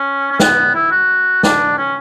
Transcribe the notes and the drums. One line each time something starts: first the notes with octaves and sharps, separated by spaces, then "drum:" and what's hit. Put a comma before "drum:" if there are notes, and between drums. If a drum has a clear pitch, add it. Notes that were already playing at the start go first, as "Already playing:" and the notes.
Already playing: C#4
C#4
B3, drum: snare
E4
F#4
D4, drum: snare
C#4